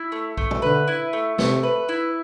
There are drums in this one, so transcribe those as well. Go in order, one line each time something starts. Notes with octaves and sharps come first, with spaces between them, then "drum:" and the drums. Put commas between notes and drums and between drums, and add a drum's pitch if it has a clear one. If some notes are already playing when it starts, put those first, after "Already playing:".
Already playing: E4
A3
A3, drum: kick B1
drum: tom
D3 B4
E4
A3
C3 A3, drum: snare
B4
E4